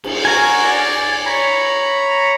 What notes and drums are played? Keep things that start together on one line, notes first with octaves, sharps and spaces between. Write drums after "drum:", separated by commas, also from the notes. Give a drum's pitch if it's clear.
drum: cymbal
F#4 A#4 G#5
D5
C#5 A#5 B5